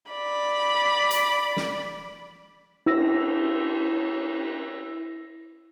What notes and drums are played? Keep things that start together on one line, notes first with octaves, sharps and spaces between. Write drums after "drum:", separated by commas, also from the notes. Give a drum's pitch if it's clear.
D5 B5
drum: hi-hat
drum: snare
E4 E6 A#6, drum: cymbal